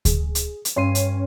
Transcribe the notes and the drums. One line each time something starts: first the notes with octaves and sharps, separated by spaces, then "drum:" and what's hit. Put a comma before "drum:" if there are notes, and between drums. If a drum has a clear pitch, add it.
G#4, drum: kick D2, hi-hat
drum: hi-hat
drum: hi-hat
G2 C#4 C6 D#7
drum: hi-hat